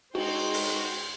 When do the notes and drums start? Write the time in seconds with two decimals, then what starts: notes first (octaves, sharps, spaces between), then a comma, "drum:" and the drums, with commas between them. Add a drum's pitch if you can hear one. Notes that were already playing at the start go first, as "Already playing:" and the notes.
0.15 G#3 D#4 F#4 C5 G5 C6, drum: cymbal
0.54 drum: open hi-hat